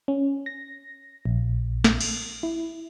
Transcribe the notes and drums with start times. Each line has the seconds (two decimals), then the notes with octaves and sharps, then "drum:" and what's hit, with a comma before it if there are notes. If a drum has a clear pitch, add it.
0.08 C#4
0.46 A#6
1.25 A#1
1.84 drum: snare
2.01 drum: cymbal
2.43 E4